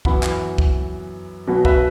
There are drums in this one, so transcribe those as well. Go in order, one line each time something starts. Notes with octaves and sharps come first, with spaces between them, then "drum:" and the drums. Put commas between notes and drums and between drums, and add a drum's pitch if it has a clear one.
F#2 E3 B3 F#5 B5, drum: kick
drum: clap
drum: kick
B1 B2 F#3 B3
B4 E5, drum: kick